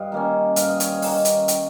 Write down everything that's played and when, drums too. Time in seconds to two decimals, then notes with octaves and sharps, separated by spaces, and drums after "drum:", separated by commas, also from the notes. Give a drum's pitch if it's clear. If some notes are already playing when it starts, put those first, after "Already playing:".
Already playing: G2 D#5 F5
0.12 D#3 A#3 C#4
0.56 G2 F5, drum: hi-hat
0.68 D#5
0.80 C#5, drum: hi-hat
0.92 D#5
1.02 D#3 A#3 C#4, drum: open hi-hat
1.25 drum: hi-hat
1.48 G5, drum: hi-hat